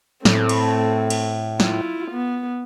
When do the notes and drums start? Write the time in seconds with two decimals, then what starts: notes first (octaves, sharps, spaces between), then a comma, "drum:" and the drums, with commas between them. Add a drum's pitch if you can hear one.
0.25 A2 A3 C4, drum: snare
0.49 drum: cymbal
1.10 drum: cymbal
1.60 E4 F4, drum: snare
2.11 B3